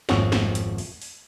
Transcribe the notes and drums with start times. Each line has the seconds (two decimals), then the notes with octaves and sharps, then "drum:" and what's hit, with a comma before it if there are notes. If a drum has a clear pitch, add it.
0.09 G#1 F2 F3 C#5 F#5, drum: snare
0.32 drum: snare
0.55 drum: hi-hat
0.78 drum: open hi-hat
1.02 drum: open hi-hat